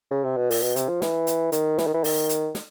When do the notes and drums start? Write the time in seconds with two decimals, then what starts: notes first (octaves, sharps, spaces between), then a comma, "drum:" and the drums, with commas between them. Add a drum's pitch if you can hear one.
0.11 C#3
0.24 C3
0.37 B2
0.51 A#2, drum: open hi-hat
0.63 B2
0.76 C3, drum: hi-hat
0.89 F3
1.02 E3, drum: snare
1.27 drum: hi-hat
1.52 D#3, drum: hi-hat
1.78 E3, drum: snare
1.87 D#3
1.94 E3
2.04 D#3, drum: open hi-hat
2.29 drum: hi-hat
2.55 drum: snare